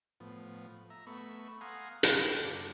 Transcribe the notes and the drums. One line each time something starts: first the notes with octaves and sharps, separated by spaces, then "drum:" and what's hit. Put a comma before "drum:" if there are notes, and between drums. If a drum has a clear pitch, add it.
A2 F3 B3
E5 A#5
A3 B3 E5 B5 C#6
F5 F#5 G#5 A#5 C6 D#6
A4 F5 G5 A5, drum: hi-hat
F#2 C#3 A#3 D6